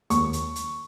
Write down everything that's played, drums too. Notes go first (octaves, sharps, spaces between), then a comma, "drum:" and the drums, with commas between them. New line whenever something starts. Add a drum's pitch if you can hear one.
D#2 C#6, drum: hi-hat
drum: hi-hat
drum: hi-hat